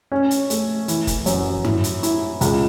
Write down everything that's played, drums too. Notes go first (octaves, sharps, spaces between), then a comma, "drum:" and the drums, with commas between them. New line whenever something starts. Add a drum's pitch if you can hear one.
C#4
drum: hi-hat
A3, drum: hi-hat
E3, drum: hi-hat
drum: kick F1, hi-hat
F#2, drum: hi-hat
E4, drum: tom G2
drum: hi-hat
E4, drum: hi-hat
C#2, drum: hi-hat